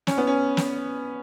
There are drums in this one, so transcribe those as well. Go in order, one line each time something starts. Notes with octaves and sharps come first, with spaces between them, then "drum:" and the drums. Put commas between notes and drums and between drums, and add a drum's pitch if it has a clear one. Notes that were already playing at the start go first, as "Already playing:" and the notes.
C#4, drum: snare
B3
C#4
drum: snare